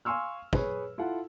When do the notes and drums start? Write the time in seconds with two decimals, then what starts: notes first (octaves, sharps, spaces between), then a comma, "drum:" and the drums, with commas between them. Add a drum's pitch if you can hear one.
0.05 F5 G#5 C6 C#6 E6 F6
0.53 G#4 B4 C#5, drum: kick
0.98 E4 F4 A4 F#5